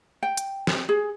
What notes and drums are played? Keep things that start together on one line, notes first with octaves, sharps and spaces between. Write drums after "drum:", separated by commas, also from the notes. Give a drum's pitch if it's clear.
G5
drum: hi-hat
drum: snare
G#4